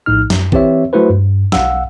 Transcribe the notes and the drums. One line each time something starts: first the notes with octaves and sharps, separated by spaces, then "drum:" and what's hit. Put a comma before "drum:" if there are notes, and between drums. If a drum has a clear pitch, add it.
A#1 A2 D#4 F6
F#2, drum: snare
E3 C4 G4 C#5 E5, drum: kick
F#3 A3 E4 F#4 B4 C5
G2
B1 F5 F#5 E6, drum: snare